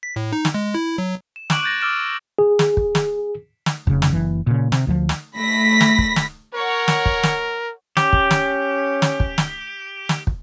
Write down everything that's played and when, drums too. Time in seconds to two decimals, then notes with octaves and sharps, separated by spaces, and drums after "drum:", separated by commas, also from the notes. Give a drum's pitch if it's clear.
0.03 B6
0.16 A2
0.32 D#4
0.45 drum: snare
0.54 G#3
0.75 E4
0.98 F#3
1.36 E7
1.50 C#6 D6 F#6 D7 F#7, drum: snare
1.63 F#6 G6 A6 A#6
1.80 D6 E6 F6 A6 D7 E7
2.39 G#4
2.59 drum: snare
2.77 drum: kick
2.95 drum: snare
3.66 drum: snare
3.87 F1 C#3, drum: kick
4.02 drum: snare
4.13 F#1 E3
4.47 A#2 C#3
4.72 C3, drum: snare
4.87 D2 D#3 F3
5.09 drum: snare
5.37 A3 B5 A#6 B6
5.81 drum: snare
5.98 drum: kick
6.16 drum: snare
6.55 A#4 C#5 F#5
6.88 drum: snare
7.06 drum: kick
7.23 drum: snare
7.97 C#4 G4, drum: snare
8.13 drum: kick
8.31 drum: snare
9.02 drum: snare
9.20 drum: kick
9.38 drum: snare
10.09 drum: snare
10.27 drum: kick